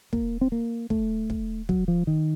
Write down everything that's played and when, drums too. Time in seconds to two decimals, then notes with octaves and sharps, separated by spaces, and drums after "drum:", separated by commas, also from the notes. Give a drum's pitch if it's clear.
0.13 A#3, drum: kick
0.41 C4
0.52 A#3
0.90 A3, drum: kick
1.30 drum: kick
1.69 F#3, drum: kick
1.88 F3
2.07 D#3